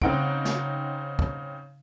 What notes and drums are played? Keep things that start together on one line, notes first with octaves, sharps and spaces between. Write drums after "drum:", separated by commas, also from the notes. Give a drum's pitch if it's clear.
C#3 C4 D#4 F#5 D7, drum: kick
drum: snare
drum: kick